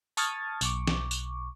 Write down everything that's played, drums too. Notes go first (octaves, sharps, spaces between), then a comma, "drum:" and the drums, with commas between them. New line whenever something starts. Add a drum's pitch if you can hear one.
A5 C#6 D#6 F6 G#6 A6, drum: tambourine
B1 C#6 D6, drum: tambourine
drum: snare
drum: tambourine